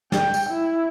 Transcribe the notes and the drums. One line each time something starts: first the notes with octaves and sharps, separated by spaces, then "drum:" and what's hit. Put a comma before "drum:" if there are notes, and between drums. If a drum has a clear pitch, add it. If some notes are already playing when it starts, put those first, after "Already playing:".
G5, drum: snare
drum: tambourine
E4